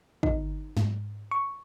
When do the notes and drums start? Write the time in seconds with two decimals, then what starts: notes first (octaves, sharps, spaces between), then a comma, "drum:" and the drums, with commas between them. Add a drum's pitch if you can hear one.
0.23 D#4, drum: kick
0.77 G#2, drum: snare
1.31 C#6